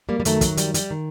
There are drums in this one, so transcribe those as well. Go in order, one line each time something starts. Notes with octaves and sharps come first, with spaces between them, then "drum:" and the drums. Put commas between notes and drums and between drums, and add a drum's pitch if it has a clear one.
G3 A#3
G3
F#2 D#3 F#3 A3, drum: hi-hat
F#3, drum: kick, hi-hat
G3, drum: hi-hat
G3, drum: hi-hat
D#3